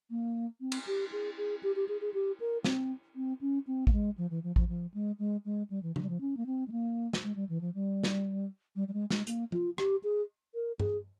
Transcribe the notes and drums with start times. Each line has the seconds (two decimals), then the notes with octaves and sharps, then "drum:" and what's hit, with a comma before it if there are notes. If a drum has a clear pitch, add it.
0.10 A#3
0.61 C4
0.72 drum: cymbal
0.87 G4
1.12 G#4
1.38 G#4
1.63 G4
1.76 G4
1.88 G#4
2.01 G#4
2.14 G4
2.40 A#4
2.64 C4, drum: snare
3.16 C4
3.41 C#4
3.67 C4
3.87 A#3, drum: kick A1
3.92 G#3
4.18 F3
4.30 E3
4.44 F3
4.56 F3, drum: kick A1
4.69 F3
4.94 G#3
5.19 G#3
5.45 G#3
5.70 G3
5.83 E3
5.96 F3, drum: tom C#3
6.03 G3
6.09 F3
6.21 C#4
6.37 A#3
6.46 C4
6.68 G#3
6.72 A#3
7.13 drum: snare
7.23 G#3
7.36 G3
7.49 E3
7.61 F3
7.75 G3
8.03 drum: snare
8.76 G3
8.88 G3
8.93 G#3
9.10 G#3, drum: snare
9.27 A#3, drum: hi-hat
9.52 F4, drum: tom F3
9.78 G4, drum: rim click
10.04 G#4
10.55 A#4
10.80 G#4, drum: tom